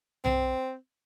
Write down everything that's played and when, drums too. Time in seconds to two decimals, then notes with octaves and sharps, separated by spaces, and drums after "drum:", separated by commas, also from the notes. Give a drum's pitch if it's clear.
0.25 C4, drum: tom B1